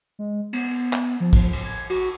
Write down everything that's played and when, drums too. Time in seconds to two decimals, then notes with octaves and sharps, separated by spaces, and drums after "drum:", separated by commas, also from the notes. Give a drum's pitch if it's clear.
0.19 G#3
0.53 B3, drum: cymbal
0.93 drum: clap
1.20 F3
1.33 drum: kick, cymbal
1.53 drum: cymbal
1.65 G#6
1.90 F#4, drum: cymbal